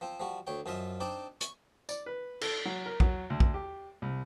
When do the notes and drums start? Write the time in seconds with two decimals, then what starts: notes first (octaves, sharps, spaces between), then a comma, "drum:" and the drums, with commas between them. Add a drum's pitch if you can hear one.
0.01 F3 C4
0.20 F3 G3 F#4
0.47 D2 C#5 G5
0.66 F#2 F3 F4 D#5 E5
1.00 C4 D4 D#4 D5
1.41 C#6, drum: hi-hat
1.89 D5, drum: tambourine
2.06 B4
2.41 A4, drum: cymbal
2.65 F#3
2.86 A#4
3.00 F#3, drum: kick
3.30 D2
3.40 drum: kick
3.54 G4
4.02 C2